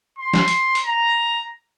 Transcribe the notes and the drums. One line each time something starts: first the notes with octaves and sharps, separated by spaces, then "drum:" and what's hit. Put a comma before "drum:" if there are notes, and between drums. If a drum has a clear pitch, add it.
C6
drum: snare
drum: hi-hat
drum: hi-hat
A#5